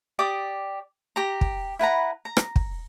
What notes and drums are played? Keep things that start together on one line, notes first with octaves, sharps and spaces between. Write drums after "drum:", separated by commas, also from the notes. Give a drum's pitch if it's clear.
G4 D5 D6 D#6
G4 A#5
drum: kick
E4 B4 F#5 A#5
A#5
drum: rim click
drum: kick